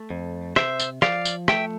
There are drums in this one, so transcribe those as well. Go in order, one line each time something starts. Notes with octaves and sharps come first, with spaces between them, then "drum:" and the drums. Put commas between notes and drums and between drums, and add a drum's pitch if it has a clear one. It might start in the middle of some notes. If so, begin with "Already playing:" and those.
Already playing: A3
F2
C3 C5 E5, drum: rim click
drum: tambourine
F3 D5 F5, drum: rim click
drum: tambourine
A3 E5 G5, drum: rim click